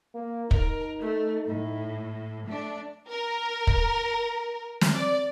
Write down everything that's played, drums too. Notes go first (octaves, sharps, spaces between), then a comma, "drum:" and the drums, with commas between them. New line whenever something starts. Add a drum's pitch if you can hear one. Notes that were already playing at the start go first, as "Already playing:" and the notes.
A#3
D#4 A#4, drum: kick
A3
A2
A3 D4
A#4
drum: kick
drum: snare
D5